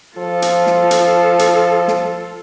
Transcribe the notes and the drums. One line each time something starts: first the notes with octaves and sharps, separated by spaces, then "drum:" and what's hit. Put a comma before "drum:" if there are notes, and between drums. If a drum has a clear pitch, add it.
F3 F4 A4
drum: hi-hat
drum: snare
drum: hi-hat
drum: hi-hat
drum: snare